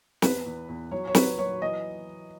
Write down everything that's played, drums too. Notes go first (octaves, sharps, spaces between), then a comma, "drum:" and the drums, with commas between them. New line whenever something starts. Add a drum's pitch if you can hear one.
E2 B4, drum: snare
E2
E2
F#3 C#5
C#5
F#3 B4, drum: snare
F#3 C#5
E3 D#5